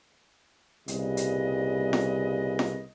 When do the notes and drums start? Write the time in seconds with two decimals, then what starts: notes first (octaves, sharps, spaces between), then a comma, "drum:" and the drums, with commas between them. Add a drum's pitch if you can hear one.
0.88 C2 A#2 C#3 G3 B4 D#5, drum: hi-hat
1.17 drum: hi-hat
1.93 drum: snare
2.59 drum: snare